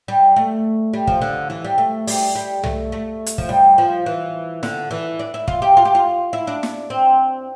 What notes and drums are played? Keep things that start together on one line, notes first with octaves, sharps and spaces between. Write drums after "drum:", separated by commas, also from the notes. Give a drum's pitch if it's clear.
G3
A3
G3
F3, drum: kick
D3
E3
G3
A3
G3, drum: open hi-hat
G3
A3, drum: tom C2
A3
drum: hi-hat
F3, drum: kick
G3
F3
E3
D3, drum: snare
E3
D4
E4
F4, drum: kick
G4
F4
G4
F4
E4
D4
drum: snare
C4